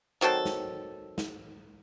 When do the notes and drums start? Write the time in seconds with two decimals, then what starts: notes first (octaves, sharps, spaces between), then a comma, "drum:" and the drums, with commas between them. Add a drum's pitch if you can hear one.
0.21 D#3 F#3 C4 A4
0.45 drum: snare
1.18 drum: snare